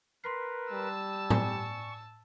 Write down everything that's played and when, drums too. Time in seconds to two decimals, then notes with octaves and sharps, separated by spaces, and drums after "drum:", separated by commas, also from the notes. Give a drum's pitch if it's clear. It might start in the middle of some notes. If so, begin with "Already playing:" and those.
0.24 A#4 B4 C6 B6 C7
0.72 G3 A5 E6
1.30 D5 G#5 C#6, drum: tom A2